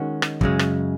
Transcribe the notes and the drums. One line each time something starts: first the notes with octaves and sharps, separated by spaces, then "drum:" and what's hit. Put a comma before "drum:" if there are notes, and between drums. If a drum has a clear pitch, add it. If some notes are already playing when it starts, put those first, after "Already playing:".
Already playing: D#3 G#3 C#4 F#4
drum: rim click
F#2 C#3 G#3, drum: kick
drum: rim click